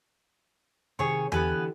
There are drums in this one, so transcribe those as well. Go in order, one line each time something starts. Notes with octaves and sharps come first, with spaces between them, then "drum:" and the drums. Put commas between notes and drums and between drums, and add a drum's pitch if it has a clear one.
C3 D#3 G#4 C#5 C#6
D3 E3 B3 G4 B4 G#5, drum: tom E2